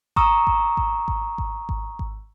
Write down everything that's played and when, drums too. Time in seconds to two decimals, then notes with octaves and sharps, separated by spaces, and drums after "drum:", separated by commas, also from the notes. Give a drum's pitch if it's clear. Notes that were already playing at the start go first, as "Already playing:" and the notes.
0.16 A#5 C#6 D#6 E6, drum: kick G#1
0.47 drum: kick G#1
0.77 drum: kick G#1
1.08 drum: kick G#1
1.38 drum: kick G#1
1.69 drum: kick G#1
1.99 drum: kick G#1